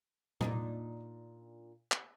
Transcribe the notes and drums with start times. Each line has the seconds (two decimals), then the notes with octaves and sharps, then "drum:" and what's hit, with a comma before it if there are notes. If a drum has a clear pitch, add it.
0.41 A#2 D4 D#4, drum: tom A#2
1.92 drum: clap